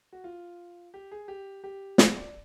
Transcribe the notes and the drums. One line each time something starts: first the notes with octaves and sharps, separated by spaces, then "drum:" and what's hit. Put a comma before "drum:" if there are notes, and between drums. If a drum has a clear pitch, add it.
F#4
F4
G4
G#4
G4
G4
G#4, drum: snare
D5